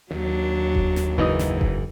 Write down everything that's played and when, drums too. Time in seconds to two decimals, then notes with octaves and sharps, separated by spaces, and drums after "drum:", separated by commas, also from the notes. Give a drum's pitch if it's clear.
0.11 D#2 F#3 D4
0.75 drum: kick F1
0.96 drum: snare
1.18 F#1 G#2 E3 D#4 D#6
1.39 drum: snare
1.61 drum: kick F1